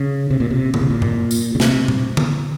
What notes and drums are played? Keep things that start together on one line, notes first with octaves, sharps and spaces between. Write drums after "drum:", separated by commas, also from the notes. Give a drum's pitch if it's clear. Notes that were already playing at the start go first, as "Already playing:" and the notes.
Already playing: C#3
C3
A#2
C3
A#2, drum: tom D3
C3
A#2
drum: tom G2
drum: tambourine
C#3
C3, drum: snare
drum: tom A#2
drum: tom D3